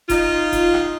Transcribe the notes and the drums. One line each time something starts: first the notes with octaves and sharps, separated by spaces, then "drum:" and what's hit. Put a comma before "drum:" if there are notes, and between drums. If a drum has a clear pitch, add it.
D#4 F4, drum: kick F1, hi-hat
drum: kick F1, hi-hat
drum: rim click